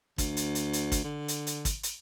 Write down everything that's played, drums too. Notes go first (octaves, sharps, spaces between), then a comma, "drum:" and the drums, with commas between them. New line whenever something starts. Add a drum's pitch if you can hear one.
D2, drum: kick, hi-hat
drum: hi-hat
drum: hi-hat
drum: hi-hat
drum: kick, hi-hat
D3
drum: hi-hat
drum: hi-hat
drum: kick, hi-hat
drum: hi-hat